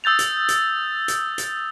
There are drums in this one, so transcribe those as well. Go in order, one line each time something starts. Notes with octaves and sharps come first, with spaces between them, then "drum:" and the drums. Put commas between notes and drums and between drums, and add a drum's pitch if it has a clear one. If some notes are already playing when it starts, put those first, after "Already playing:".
D#6 E6 G6 A6 F7
drum: hi-hat
drum: hi-hat
drum: hi-hat
drum: hi-hat